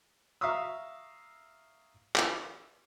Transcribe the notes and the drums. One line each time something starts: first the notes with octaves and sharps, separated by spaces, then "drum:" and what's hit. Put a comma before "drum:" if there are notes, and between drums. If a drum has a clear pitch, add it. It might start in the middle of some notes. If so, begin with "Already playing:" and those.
E5 F5 A#5 C#6 D#6 E6
drum: clap